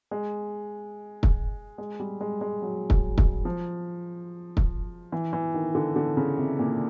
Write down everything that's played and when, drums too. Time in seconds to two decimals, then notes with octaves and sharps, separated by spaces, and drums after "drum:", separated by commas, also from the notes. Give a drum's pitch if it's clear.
0.11 G#3
1.23 drum: kick
1.78 G#3
2.00 G3
2.21 G#3
2.41 G#3
2.62 F#3
2.90 drum: kick
3.18 drum: kick
3.45 F3
4.57 drum: kick
5.12 E3
5.33 E3
5.54 D#3
5.75 D3
5.96 D3
6.17 C#3
6.37 C3
6.59 A#2